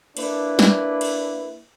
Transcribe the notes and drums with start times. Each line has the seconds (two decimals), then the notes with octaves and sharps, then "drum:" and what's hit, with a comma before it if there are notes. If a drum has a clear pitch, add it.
0.17 A#3 D4 E4 B4, drum: cymbal
0.59 drum: snare
1.01 drum: cymbal